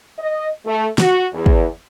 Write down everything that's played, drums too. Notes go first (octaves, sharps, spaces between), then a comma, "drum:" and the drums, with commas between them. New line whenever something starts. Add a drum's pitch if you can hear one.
D#5
A3
F#4, drum: snare
E2
drum: kick